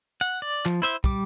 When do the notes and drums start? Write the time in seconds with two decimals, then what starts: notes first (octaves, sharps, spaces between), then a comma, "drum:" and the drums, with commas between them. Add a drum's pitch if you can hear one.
0.21 F#5
0.42 D5
0.66 F3, drum: clap
0.82 E4 C5 E5
1.04 G3 D6, drum: kick, tambourine